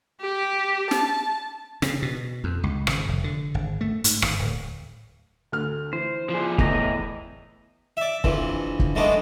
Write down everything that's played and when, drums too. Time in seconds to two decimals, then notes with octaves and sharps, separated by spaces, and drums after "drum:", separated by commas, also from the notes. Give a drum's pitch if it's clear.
0.21 G4
0.91 A5, drum: snare
1.82 C#3, drum: snare
2.02 B2
2.44 F2
2.63 C#2
2.87 G#1, drum: rim click
3.09 F1
3.24 D3
3.54 G#1
3.81 A3
4.04 G#2, drum: hi-hat
4.22 G#1, drum: rim click
4.39 D1
5.52 D2 F6
5.93 E3 C5
6.30 F3 G#4
6.58 E2 A2 E3 D#5, drum: kick
7.97 D5 E5
8.24 A#1 F2 E3, drum: kick
8.79 drum: kick
8.95 F#3 G#3 A3 B3 D4 D#4